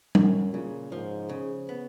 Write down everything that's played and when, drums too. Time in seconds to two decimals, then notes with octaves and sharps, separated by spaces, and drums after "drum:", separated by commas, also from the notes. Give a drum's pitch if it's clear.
0.15 F#2 C#4, drum: tom G3
0.54 A#2 C#3
0.92 G#2 F3
1.29 C#3
1.69 B3